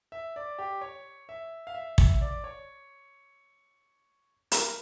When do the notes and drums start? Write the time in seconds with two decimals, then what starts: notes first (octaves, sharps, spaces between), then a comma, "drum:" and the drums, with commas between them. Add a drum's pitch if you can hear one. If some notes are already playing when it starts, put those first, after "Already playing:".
0.12 E5
0.36 D5
0.59 G4
0.81 C#5
1.29 E5
1.67 F5
1.75 E5
1.98 E5, drum: kick
2.21 D5
2.44 C#5
4.52 A#4, drum: hi-hat